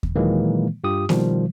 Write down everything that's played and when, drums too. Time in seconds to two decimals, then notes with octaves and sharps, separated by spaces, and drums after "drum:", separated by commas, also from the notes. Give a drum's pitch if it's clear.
0.03 drum: kick D#2
0.16 A#2 D#3 E3 F#3 G#3 A#3
0.84 G2 F4 G4 D#6
1.09 B2 D#3 F3 G3, drum: snare A#3